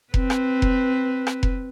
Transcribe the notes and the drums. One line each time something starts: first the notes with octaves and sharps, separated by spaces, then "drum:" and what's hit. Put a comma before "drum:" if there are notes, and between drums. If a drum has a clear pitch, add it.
C4 B4, drum: kick F1
drum: rim click
drum: kick F1
drum: rim click
drum: kick F1